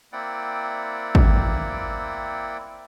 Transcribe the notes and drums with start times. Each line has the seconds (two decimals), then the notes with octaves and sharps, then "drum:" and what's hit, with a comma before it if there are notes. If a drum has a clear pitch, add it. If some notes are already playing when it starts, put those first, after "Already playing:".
0.13 A#3 C4 E4 D5 F#5 G5
1.15 drum: kick